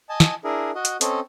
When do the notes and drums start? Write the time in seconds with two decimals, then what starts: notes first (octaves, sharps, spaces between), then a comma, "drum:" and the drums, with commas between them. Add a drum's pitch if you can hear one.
0.09 D#5 G#5 A5
0.20 drum: snare
0.44 D4 E4 G#4 A#4
0.75 F#4 D#5
0.85 drum: hi-hat
1.01 C4 C#4 A4 D#5, drum: hi-hat